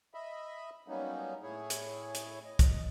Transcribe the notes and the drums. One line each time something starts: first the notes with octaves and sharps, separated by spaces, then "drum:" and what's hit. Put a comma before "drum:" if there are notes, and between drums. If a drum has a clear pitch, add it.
D#5 E5 B5
F#3 G3 A#3 B3 C#4 D#4
A2 E4 G#4 C#5
drum: hi-hat
drum: hi-hat
D#5
drum: kick C2, hi-hat